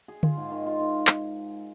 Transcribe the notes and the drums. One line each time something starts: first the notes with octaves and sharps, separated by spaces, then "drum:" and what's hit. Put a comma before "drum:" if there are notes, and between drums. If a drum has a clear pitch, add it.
G#4
F4, drum: tom D3
G#2
D#3
F4
D#3
drum: clap